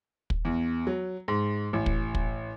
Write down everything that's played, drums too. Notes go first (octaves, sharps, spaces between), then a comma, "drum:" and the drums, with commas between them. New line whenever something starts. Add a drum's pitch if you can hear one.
drum: kick
E2
F#3
G#2
A1
drum: kick
drum: kick